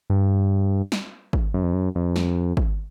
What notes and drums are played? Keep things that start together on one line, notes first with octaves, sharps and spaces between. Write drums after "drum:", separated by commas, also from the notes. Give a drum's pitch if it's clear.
G2
drum: snare
drum: kick
F#2
F2
F#2
F2
drum: snare
drum: kick